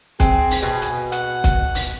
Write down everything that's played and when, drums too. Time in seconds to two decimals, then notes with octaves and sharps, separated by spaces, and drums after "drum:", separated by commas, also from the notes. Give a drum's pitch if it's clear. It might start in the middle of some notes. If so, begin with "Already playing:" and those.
0.20 C4 G#4, drum: kick, hi-hat
0.51 drum: open hi-hat
0.62 B2
0.82 drum: hi-hat
1.12 F#5, drum: hi-hat
1.44 drum: kick, hi-hat
1.75 drum: open hi-hat